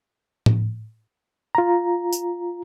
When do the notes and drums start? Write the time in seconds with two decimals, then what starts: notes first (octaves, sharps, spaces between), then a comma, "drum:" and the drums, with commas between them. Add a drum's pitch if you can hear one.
0.46 drum: tom A2
1.55 F4 A#5
2.13 drum: tambourine